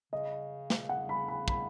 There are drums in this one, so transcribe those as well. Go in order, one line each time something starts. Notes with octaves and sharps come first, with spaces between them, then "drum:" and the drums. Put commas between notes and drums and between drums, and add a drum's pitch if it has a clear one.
C#3 D#5
drum: snare
F#5
B5
B5
B5, drum: kick